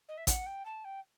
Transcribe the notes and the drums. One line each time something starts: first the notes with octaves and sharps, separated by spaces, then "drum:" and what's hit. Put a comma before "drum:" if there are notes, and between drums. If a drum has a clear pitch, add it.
D#5
E5
F#5, drum: kick A1, hi-hat
G5
A5
G5